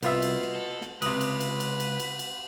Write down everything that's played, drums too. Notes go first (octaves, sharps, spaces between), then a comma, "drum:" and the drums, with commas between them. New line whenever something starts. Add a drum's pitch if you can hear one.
C2 B2 B3 F4 E5, drum: cymbal
drum: cymbal
drum: snare
A4
drum: snare
C#2 C3 B4 D#6, drum: cymbal
drum: cymbal
drum: cymbal
drum: cymbal
drum: cymbal
drum: cymbal
drum: cymbal